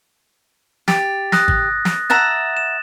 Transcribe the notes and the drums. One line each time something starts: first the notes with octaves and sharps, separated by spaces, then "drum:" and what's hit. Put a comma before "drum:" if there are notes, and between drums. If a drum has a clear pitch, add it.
G4 A6, drum: snare
D#6 F#6 A#6, drum: snare
drum: kick G#1
drum: snare
E5 F#5 A#5 A6 E7
E7